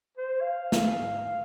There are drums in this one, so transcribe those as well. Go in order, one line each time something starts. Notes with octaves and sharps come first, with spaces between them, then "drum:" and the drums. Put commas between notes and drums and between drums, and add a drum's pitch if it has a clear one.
C5
F5
drum: snare